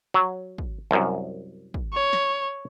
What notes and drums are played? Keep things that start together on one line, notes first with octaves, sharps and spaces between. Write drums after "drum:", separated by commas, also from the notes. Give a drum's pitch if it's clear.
F#3
drum: kick
C2 F#2
drum: kick
C#5
drum: snare